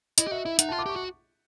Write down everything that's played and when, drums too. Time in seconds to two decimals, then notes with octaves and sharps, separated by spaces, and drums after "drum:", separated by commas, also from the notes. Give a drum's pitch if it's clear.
0.18 E4 D#5, drum: hi-hat
0.27 G4
0.31 F#4 E5
0.45 E4 E5
0.59 D#4 F#5, drum: hi-hat
0.69 A5
0.72 F4
0.79 D6
0.86 G4 C#6
0.96 F#4